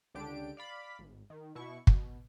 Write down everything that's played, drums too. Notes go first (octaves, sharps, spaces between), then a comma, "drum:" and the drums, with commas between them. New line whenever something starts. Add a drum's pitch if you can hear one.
C#2 D3 D4 G4 D7
D5 F5 B5
G#1
D#3
B2 E4 C#6
B2, drum: kick